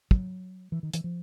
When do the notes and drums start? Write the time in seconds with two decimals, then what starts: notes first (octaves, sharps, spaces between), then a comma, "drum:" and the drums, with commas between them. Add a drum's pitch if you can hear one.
0.11 F#3, drum: kick
0.72 E3
0.83 D#3
0.94 E3, drum: hi-hat
1.04 F3